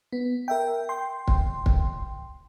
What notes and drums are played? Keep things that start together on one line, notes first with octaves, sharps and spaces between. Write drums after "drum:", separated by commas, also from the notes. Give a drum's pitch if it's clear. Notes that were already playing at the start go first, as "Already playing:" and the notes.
B3
A#4 E5 G5
G5 C6
drum: kick
drum: kick